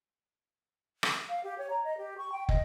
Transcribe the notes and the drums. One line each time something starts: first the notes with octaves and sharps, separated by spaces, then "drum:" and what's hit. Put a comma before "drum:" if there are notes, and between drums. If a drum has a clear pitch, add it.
drum: rim click
F5
G4
C#5
A#5
D#5
G4
C#6
G5
D#5, drum: kick